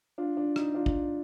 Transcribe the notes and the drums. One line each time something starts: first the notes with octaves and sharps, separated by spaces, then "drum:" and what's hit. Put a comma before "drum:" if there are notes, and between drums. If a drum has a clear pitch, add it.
D4 F4
D4
D#4, drum: rim click
D4 F4
drum: kick